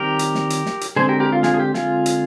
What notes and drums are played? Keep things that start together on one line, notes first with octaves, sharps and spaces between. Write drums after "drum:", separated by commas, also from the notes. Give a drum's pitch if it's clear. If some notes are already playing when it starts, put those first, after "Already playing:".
Already playing: D#3 G3 C4 G4 A#4
drum: hi-hat
drum: snare
drum: hi-hat
drum: snare
drum: hi-hat
D3 G#3 C4 G#4 C5
G4 A#4
G4 A#4
F4
F4 G#4, drum: snare
G#4
G4
F4 G#4, drum: snare
drum: hi-hat